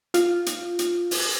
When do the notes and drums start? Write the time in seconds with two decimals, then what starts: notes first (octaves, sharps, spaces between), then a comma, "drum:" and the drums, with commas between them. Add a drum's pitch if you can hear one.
0.14 F4, drum: hi-hat
0.46 drum: hi-hat
0.79 drum: hi-hat
1.11 drum: open hi-hat